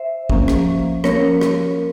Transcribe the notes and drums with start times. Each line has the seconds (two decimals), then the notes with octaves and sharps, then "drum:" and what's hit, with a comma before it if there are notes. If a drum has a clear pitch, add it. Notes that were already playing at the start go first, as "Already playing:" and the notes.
Already playing: C5 E5
0.30 F3 A#3 C#4, drum: kick
0.48 drum: rim click
1.04 F3 A#3 C#4 A#4 C#5, drum: rim click
1.41 drum: rim click